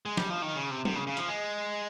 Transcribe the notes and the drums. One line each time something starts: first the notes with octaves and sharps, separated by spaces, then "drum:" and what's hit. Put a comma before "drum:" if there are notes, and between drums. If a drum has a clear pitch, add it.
G#3
G3, drum: snare
F3
D#3
C#3
C3
C3, drum: tom
C#3
C#3
F3, drum: hi-hat
G#3